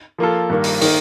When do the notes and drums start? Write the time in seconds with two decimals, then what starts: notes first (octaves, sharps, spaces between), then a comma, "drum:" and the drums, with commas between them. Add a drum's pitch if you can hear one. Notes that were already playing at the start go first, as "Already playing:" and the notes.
0.18 F3 A#3 F4 A4
0.50 G2 D#3 A#3
0.64 drum: open hi-hat
0.81 D#3 A#3 D#4, drum: open hi-hat